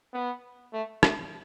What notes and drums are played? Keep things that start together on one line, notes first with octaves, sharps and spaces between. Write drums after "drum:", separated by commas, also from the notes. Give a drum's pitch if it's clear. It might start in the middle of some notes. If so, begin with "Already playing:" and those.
B3
A3
A3, drum: rim click